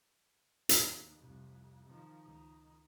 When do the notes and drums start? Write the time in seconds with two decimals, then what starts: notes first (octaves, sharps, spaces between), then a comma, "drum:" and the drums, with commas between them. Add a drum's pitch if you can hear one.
0.69 D#2, drum: hi-hat
1.22 C2 F2
1.89 D#3 F3
2.25 C#2 D#3